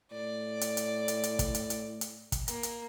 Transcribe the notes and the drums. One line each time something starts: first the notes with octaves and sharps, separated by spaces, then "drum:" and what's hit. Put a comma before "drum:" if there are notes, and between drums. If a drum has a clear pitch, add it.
A2 D5
drum: hi-hat
drum: hi-hat
drum: hi-hat
drum: hi-hat
drum: kick, hi-hat
drum: hi-hat
drum: hi-hat
drum: hi-hat
drum: kick, hi-hat
A#3, drum: hi-hat
drum: hi-hat